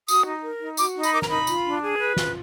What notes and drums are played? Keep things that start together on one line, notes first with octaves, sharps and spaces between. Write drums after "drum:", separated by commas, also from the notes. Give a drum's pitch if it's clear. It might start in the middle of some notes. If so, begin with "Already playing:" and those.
F#4 D#6, drum: tambourine
D#4
A#4
D#4
F#4 D6, drum: tambourine
D#4
B5, drum: tambourine
A#4 D6
A#5, drum: snare
D#4 B5
F4, drum: tambourine
D4
G#4
B4
F4, drum: snare